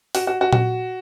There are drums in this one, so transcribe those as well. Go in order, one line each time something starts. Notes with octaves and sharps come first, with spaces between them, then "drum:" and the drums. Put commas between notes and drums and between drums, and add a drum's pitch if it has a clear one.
F#4, drum: open hi-hat
F#4
F#4
F#4, drum: tom A#2